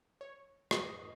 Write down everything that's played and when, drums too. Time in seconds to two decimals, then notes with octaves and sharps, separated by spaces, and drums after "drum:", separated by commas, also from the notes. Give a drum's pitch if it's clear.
0.21 C#5
0.71 D#5, drum: rim click